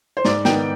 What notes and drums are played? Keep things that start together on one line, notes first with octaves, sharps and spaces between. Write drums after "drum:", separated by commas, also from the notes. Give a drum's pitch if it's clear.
C5
G#2 D5, drum: snare
D#3 B3 D#4 G5, drum: snare